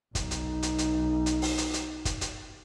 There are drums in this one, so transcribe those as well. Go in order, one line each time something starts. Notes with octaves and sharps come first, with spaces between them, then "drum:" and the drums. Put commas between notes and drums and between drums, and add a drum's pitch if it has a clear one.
B1 D#4, drum: kick, hi-hat
drum: hi-hat
drum: hi-hat
drum: hi-hat
drum: hi-hat
drum: open hi-hat
drum: hi-hat
drum: hi-hat
drum: kick, hi-hat
drum: hi-hat